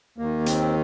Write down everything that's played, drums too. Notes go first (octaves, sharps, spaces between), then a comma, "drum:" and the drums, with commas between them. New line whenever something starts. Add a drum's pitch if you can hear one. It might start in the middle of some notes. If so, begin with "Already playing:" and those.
D#2 D#3 A#3
C4, drum: hi-hat